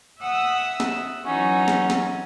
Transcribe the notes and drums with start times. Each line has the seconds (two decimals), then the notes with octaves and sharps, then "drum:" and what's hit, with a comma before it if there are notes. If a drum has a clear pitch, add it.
0.21 E5 F#5 D#6 E6 F#6
0.80 drum: snare
1.24 E3 F#3 C#4 D#4 F#4
1.68 drum: snare
1.90 drum: snare